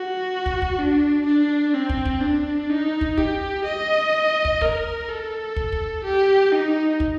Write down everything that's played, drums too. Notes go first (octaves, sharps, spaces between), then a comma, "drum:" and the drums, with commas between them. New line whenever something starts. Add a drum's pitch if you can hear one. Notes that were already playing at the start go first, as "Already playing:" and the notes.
Already playing: F#4
drum: kick
drum: kick
D4
D4
C4
drum: kick
drum: kick
D4
D#4
drum: kick
G4, drum: kick
D#5
drum: kick
A#4, drum: kick
A4
drum: kick
drum: kick
G4
D#4
drum: kick